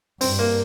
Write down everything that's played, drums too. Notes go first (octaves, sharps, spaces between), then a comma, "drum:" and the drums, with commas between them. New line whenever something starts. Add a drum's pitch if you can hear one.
G2 C4, drum: open hi-hat
A#3